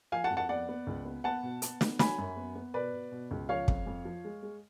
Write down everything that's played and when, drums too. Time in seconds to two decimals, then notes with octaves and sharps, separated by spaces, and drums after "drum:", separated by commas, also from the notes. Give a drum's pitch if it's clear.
0.12 F3 F5 G#5
0.24 F#5 A5
0.30 F2
0.37 F#5 A5
0.49 B3 D5 F#5
0.69 B3
0.87 C#2
1.05 B3
1.24 B3 F#5 A5
1.43 B2
1.62 B3, drum: hi-hat
1.81 B3, drum: snare
1.99 F#3 G#5 B5, drum: snare
2.18 F#2
2.37 B3
2.55 B3
2.74 B2 B4 D5
2.93 B2
3.12 B2
3.31 C#2
3.49 F3 C#5 F5
3.68 F2, drum: kick
3.86 F2
4.05 F3
4.25 G#3
4.43 G#3